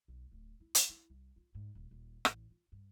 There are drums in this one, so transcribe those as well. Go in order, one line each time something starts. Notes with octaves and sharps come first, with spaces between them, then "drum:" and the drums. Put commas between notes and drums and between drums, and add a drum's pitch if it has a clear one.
B1
D1
E4
drum: hi-hat
E4
C2
F4
G#2
D#1
D#1
A1, drum: rim click
F4
G2